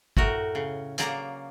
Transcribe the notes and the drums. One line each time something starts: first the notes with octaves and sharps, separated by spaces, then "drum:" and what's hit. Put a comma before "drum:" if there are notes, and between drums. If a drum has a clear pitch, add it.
A2 F#4 A#4, drum: kick
C#3
C#3 F#3 A#3 D5 A#5, drum: hi-hat